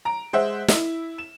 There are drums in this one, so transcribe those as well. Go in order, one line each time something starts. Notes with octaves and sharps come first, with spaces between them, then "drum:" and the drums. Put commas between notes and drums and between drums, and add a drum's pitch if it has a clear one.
A#5 D7
G#3 C5 E5 F#5
E4 E5, drum: snare
E7